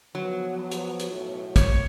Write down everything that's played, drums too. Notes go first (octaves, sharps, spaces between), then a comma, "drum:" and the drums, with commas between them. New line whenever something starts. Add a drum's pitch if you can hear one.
F3 F#3 B3
drum: hi-hat
drum: hi-hat
B1 E2 A2
C#5, drum: kick, hi-hat